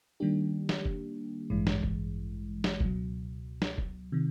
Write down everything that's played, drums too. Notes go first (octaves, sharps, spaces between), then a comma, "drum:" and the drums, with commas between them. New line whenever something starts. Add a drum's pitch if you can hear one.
D#3 G3 A#3 D4 G4
drum: snare
drum: kick
A1 G2 E3 G#3
drum: snare
drum: kick
drum: snare
C#2 B2 F#3, drum: kick
drum: snare
drum: kick
C3 D#3